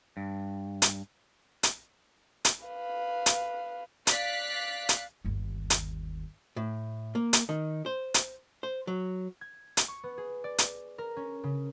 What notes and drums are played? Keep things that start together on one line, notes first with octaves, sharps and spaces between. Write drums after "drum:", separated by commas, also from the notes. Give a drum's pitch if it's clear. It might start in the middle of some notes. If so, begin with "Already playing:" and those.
G2
drum: hi-hat
drum: hi-hat
drum: hi-hat
B4 F5
drum: hi-hat
D5 F5 F#6 B6, drum: hi-hat
drum: hi-hat
G1 D#2
drum: hi-hat
A2
A#3
drum: hi-hat
D#3
C5
drum: hi-hat
C5
F#3
G#6
drum: hi-hat
C#6
B3
G#4
D5
drum: hi-hat
A#4
C#4
C#3